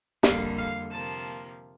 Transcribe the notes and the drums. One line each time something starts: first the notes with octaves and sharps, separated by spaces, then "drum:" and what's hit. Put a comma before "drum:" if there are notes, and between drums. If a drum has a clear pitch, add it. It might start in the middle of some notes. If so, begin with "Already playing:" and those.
F2 D3 G3 A#3 F5, drum: snare
F5
C3 F3 A#3 A5